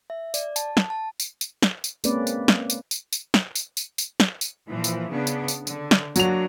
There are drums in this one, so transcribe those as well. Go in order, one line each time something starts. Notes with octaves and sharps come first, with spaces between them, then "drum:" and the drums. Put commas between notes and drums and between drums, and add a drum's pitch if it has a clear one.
E5
D5, drum: tambourine
A5, drum: tambourine
drum: snare
A5
drum: tambourine
drum: tambourine
drum: snare
drum: tambourine
G#3 A#3 C4 C#4 B4 D5, drum: tambourine
drum: tambourine
drum: snare
drum: tambourine
drum: tambourine
drum: tambourine
drum: snare
drum: tambourine
drum: tambourine
drum: tambourine
drum: snare
drum: tambourine
A#2 E3 F3
drum: tambourine
C#3 B3 D4
drum: tambourine
drum: tambourine
D3, drum: tambourine
drum: snare
F#3 A#3 D4 F#4 F7, drum: tambourine